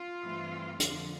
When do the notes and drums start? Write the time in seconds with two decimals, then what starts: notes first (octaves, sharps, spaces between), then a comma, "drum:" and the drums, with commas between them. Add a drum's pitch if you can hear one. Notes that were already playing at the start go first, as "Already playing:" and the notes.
Already playing: F4
0.21 G2 E3 A3 C4
0.80 F2 D3 F3, drum: hi-hat